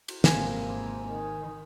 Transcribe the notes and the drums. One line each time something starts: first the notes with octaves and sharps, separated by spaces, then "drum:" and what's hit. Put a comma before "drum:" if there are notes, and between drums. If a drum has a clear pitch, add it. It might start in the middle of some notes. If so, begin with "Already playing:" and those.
drum: cymbal
G#1 C3 A#3 C4 G#5, drum: snare
D#3